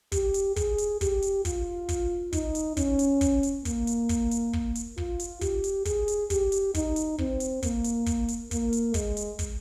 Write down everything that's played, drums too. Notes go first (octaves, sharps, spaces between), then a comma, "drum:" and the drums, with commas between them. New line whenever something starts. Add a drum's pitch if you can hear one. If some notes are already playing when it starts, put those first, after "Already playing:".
G4, drum: kick, hi-hat
drum: hi-hat
G#4, drum: kick, hi-hat
drum: hi-hat
G4, drum: kick, hi-hat
drum: hi-hat
F4, drum: kick, hi-hat
drum: kick, hi-hat
D#4, drum: kick, hi-hat
drum: hi-hat
C#4, drum: kick, hi-hat
drum: hi-hat
drum: kick, hi-hat
drum: hi-hat
A#3, drum: kick, hi-hat
drum: hi-hat
drum: kick, hi-hat
drum: hi-hat
drum: kick
drum: hi-hat
F4, drum: kick
drum: hi-hat
G4, drum: kick, hi-hat
drum: hi-hat
G#4, drum: kick, hi-hat
drum: hi-hat
G4, drum: kick, hi-hat
drum: hi-hat
D#4, drum: kick, hi-hat
drum: hi-hat
C4, drum: kick
drum: hi-hat
A#3, drum: kick, hi-hat
drum: hi-hat
drum: kick, hi-hat
drum: hi-hat
A#3, drum: kick, hi-hat
drum: hi-hat
G#3, drum: kick, hi-hat
drum: hi-hat
drum: kick, hi-hat